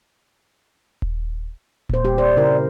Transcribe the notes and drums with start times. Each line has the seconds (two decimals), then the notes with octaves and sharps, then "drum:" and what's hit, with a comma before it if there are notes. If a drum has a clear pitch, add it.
1.02 drum: kick D#1
1.89 A#2 C5, drum: kick D#1
2.05 G4
2.18 C5 D5
2.37 C#3 E4 A#4